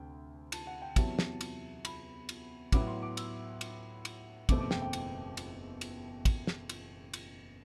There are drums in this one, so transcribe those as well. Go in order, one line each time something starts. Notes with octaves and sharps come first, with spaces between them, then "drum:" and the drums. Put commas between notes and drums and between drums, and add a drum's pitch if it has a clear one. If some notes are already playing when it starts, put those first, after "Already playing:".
Already playing: D2 C3 G5
A5, drum: cymbal
F#5
G5
E2 C3 F#3 B3 E4 A5, drum: kick, cymbal
drum: snare
drum: cymbal
B5, drum: cymbal
drum: cymbal
A2 F#3 B3 E4 D6, drum: kick, cymbal
C6
D6
E6, drum: cymbal
drum: cymbal
drum: cymbal
F#1 E2 B2 A3 C4 D6, drum: kick, cymbal
D6
G5, drum: snare
G5
drum: cymbal
drum: cymbal
drum: cymbal
drum: kick, cymbal
drum: snare
drum: cymbal
drum: cymbal